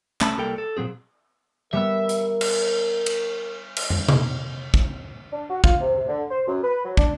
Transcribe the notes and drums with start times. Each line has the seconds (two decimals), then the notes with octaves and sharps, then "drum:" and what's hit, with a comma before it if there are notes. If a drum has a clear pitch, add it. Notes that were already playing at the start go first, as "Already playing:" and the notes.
0.21 C2 A3 C#4 A5 B5, drum: clap
0.37 C2 G3 A#3 A4 A#4 G5
0.58 A4
0.77 A#2 F#3 C4 G#4
1.73 G3 B3 A#4 E5 E6
2.09 drum: hi-hat
2.41 drum: cymbal
3.06 drum: cymbal
3.76 drum: cymbal
3.90 drum: tom
4.09 drum: tom C3
4.74 drum: kick
5.32 D4
5.49 F#4
5.64 F4, drum: kick
5.80 C3
5.95 C3
6.08 D3
6.30 C5
6.47 F#2
6.63 B4
6.84 F#3
6.97 D4, drum: kick